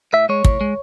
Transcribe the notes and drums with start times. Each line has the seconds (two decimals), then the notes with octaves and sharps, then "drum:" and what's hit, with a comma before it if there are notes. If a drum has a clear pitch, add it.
0.13 A2 E5
0.29 G#3 C#5
0.45 A2, drum: kick
0.61 G#3